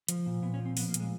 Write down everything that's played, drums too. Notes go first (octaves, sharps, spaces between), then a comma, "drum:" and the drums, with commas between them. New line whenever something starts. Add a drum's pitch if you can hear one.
F3, drum: hi-hat
A#2
A#2 B3
C#4
F3
C4
F3 B3, drum: open hi-hat
A#3
A#2, drum: hi-hat
G#3